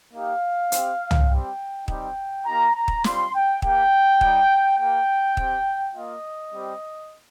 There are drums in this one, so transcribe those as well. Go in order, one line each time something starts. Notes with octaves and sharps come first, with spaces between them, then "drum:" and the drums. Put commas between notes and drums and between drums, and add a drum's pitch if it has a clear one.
A#3 D#4 G4 F5
C4 G4, drum: hi-hat
drum: tom
G3 C4 G4 G5
G3 C4 D#4 G4 G5, drum: kick
A#3 D#4 G4 A#5
A#5
drum: kick
G3 C4 F4 C6, drum: snare
G5
A#3 G4 G5, drum: kick
G3 D#4 G4, drum: kick
A#3 G4 G5
C4 G4, drum: kick
A#3 F4 D#5
G3 C4 G4